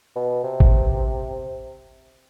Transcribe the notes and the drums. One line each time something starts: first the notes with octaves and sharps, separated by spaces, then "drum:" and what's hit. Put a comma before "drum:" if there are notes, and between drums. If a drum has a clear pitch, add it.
B2
C3
drum: kick G#1